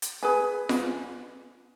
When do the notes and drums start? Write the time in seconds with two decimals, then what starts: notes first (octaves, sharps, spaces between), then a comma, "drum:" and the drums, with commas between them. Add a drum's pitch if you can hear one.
0.02 drum: hi-hat
0.23 G#4 B4 G#5
0.69 drum: snare F4